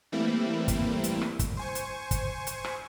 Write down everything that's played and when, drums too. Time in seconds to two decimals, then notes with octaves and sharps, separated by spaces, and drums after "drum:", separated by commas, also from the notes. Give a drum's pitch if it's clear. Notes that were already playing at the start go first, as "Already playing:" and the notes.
0.12 E3 G3 A3 A#3 C4 E4
0.68 drum: kick, hi-hat
1.04 drum: hi-hat
1.21 drum: rim click
1.39 drum: kick, hi-hat
1.57 C5 G#5 C#6
1.75 drum: hi-hat
2.11 drum: kick, hi-hat
2.47 drum: hi-hat
2.64 drum: rim click